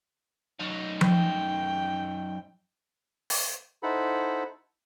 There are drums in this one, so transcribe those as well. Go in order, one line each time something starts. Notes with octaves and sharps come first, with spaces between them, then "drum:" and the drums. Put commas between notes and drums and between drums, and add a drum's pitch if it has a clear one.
F#2 D#4
G5, drum: tom F3
drum: open hi-hat
D#4 E4 A4 C5 F#5 B5